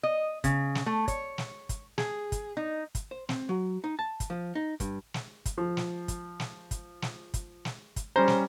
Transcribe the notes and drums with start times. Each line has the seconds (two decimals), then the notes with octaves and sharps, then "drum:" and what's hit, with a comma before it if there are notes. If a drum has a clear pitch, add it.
0.03 D#5
0.44 C#3, drum: kick, hi-hat
0.75 drum: snare
0.86 A3
1.08 C#5, drum: kick, hi-hat
1.38 drum: snare
1.69 drum: kick, hi-hat
1.98 G#4, drum: snare
2.32 drum: kick, hi-hat
2.57 D#4
2.95 drum: kick, hi-hat
3.11 C5
3.29 C4, drum: snare
3.49 F#3
3.84 D#4
3.99 A5
4.20 drum: kick, hi-hat
4.30 F3
4.55 D#4
4.80 G2, drum: kick, hi-hat
5.14 drum: snare
5.46 drum: kick, hi-hat
5.58 F3
5.77 drum: snare
6.08 drum: kick, hi-hat
6.40 drum: snare
6.71 drum: kick, hi-hat
7.02 drum: snare
7.34 drum: kick, hi-hat
7.65 drum: snare
7.96 drum: kick, hi-hat
8.16 G3 C#4 C5 A#5
8.28 drum: snare